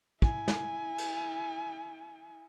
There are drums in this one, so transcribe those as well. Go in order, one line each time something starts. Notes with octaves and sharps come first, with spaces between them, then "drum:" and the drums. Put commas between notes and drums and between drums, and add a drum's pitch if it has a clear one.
E4 G#5, drum: kick
drum: snare
drum: cymbal